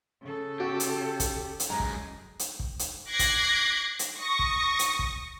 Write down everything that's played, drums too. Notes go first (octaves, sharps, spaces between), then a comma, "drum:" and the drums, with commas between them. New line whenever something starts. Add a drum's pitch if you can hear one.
C#3 A4
F#4 G4
drum: hi-hat
drum: kick, hi-hat
drum: hi-hat
F#2 G#3 A#5
drum: kick
drum: hi-hat
drum: kick
drum: hi-hat
D6 F#6 G#6 A#6 C7
drum: kick, hi-hat
drum: hi-hat
C#6 D#6 A#6
drum: kick
drum: hi-hat
drum: kick